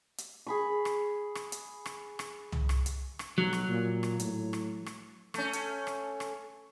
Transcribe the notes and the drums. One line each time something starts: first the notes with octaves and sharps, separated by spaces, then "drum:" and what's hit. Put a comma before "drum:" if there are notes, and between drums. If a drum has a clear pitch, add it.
drum: hi-hat
G#4 B5 C#6
drum: rim click
drum: rim click
drum: hi-hat
drum: rim click
drum: rim click
drum: tom
drum: rim click
drum: hi-hat
drum: rim click
B1 F#3
drum: rim click
A#2
drum: rim click
A2, drum: hi-hat
drum: rim click
drum: rim click
A3 C#4, drum: rim click
drum: hi-hat
drum: rim click
drum: rim click